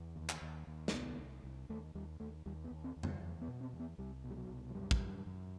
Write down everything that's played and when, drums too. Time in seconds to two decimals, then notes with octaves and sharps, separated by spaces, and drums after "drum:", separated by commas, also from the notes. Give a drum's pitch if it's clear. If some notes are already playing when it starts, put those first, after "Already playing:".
Already playing: E2
0.16 D#2
0.29 drum: clap
0.42 D#2
0.67 D#2
0.88 A3, drum: snare
0.93 C2 B3
1.18 C2
1.44 C2
1.69 D#2 A3
1.95 D#2 G3
2.20 D#2 A3
2.46 D#2 G3
2.64 B3
2.71 D#2
2.84 C4
2.96 D#2
3.03 B3, drum: tom F2
3.22 E2
3.41 B3
3.48 B2
3.61 C4
3.73 E2
3.80 B3
3.98 C2 G3
4.24 B2
4.30 G3
4.37 F#3
4.50 C2
4.70 F#3
4.75 F#2 G3
4.91 drum: kick
5.00 F#2
5.26 F#2